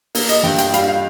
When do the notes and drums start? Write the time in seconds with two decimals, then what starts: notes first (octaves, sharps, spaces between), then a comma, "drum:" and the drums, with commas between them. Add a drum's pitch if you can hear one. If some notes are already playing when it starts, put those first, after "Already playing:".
0.15 A#3, drum: open hi-hat
0.29 D#5, drum: hi-hat
0.43 G2 G5, drum: snare
0.58 G5, drum: hi-hat
0.74 G3 F5, drum: hi-hat
0.88 F5